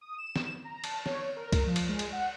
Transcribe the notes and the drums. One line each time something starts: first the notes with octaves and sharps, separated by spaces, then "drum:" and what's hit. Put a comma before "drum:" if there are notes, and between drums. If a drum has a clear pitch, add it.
D#6
E7
drum: snare
A#5
A5, drum: cymbal
C#5, drum: snare
A#4
drum: kick, cymbal
F3
drum: cymbal
G#3
drum: cymbal
F#5